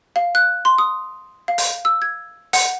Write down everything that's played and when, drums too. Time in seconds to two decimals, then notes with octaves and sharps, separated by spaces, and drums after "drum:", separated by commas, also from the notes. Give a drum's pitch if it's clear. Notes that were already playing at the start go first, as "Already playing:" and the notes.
0.16 F5
0.35 F#6
0.65 C6
0.78 D#6
1.48 F5
1.58 drum: open hi-hat
1.85 E6
2.02 G#6
2.53 F#5, drum: open hi-hat